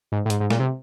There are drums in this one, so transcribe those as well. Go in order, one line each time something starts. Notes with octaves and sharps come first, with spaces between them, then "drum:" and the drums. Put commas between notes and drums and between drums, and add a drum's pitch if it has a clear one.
G#2
A2
G#2, drum: hi-hat
G#2
A#2, drum: snare
C3